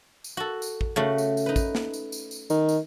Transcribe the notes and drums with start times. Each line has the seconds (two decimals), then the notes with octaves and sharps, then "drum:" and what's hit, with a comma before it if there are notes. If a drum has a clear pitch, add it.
0.24 drum: tambourine
0.37 F#4 A4
0.62 drum: tambourine
0.81 drum: kick
0.96 C#3 A3 F#4
1.18 drum: tambourine
1.37 drum: tambourine
1.46 D#4 B4
1.56 drum: kick, tambourine
1.75 drum: snare
1.93 drum: tambourine
2.12 drum: tambourine
2.31 drum: tambourine
2.50 D#3, drum: tambourine
2.69 drum: tambourine